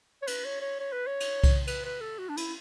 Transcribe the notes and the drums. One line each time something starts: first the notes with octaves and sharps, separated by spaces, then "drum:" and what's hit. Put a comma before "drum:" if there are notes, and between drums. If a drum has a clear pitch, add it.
C#5
B4, drum: cymbal
C#5
C#5
C#5
B4
C#5
drum: cymbal
drum: kick C2, cymbal
B4, drum: cymbal
B4
A4
F#4
D4
E4, drum: cymbal